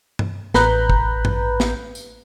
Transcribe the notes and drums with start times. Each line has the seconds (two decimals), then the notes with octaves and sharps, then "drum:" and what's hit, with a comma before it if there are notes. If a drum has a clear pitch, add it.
0.19 drum: tom G2
0.54 A1 B4 A#5 B5 F#6 G6, drum: snare
0.90 drum: kick
1.25 drum: tom G2
1.60 drum: snare
1.95 drum: tambourine